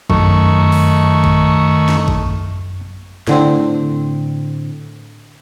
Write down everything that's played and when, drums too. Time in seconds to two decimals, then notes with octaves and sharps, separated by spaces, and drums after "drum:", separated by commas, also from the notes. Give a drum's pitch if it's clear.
0.10 F#2 D#3 A3 C#6, drum: kick G#1
0.72 drum: open hi-hat
1.24 drum: kick G#1
1.88 drum: snare
2.08 drum: kick G#1
3.27 A2 D3 C4, drum: snare